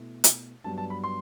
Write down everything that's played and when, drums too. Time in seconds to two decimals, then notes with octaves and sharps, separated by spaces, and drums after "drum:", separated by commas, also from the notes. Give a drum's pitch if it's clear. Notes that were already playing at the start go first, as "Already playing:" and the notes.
Already playing: B2 A3 E4
0.24 drum: hi-hat
0.64 G2 F#3 B3 D4 A5
0.78 A5
0.90 B5
1.04 C6